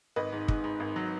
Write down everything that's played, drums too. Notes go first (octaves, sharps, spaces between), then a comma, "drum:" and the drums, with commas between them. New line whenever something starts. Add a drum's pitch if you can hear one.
G#1 B4 D#5
G#2
G#2, drum: kick
G#2
G#1
F#3